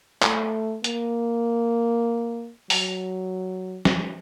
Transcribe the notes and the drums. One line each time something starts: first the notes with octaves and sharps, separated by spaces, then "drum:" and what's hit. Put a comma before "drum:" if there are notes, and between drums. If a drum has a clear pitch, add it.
A3, drum: clap
A#3, drum: hi-hat
F#3, drum: open hi-hat
drum: snare